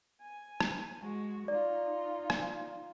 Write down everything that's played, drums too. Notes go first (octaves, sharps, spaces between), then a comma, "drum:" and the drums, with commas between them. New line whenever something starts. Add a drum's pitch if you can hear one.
G#5
drum: rim click
G#3 F#4
D#4 F4 D5
drum: rim click